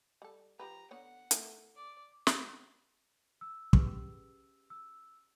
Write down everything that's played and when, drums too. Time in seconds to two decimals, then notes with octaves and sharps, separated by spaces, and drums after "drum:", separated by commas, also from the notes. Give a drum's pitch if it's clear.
0.22 G3 A4
0.59 F3 G4 B4 A#5
0.91 D3 B3 C#5 F#5
1.31 A3 E4 A4, drum: hi-hat
1.76 D5
2.27 drum: snare
3.41 E6
3.73 G4 G#4 B4, drum: kick
3.87 C#4
4.70 E6